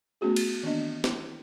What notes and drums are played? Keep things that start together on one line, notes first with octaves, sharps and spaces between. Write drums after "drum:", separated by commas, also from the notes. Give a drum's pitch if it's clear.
A3 B3 C#4 F#4 G#4
drum: cymbal
D#3 E3 A#3 B3 D4 D#5
E4, drum: snare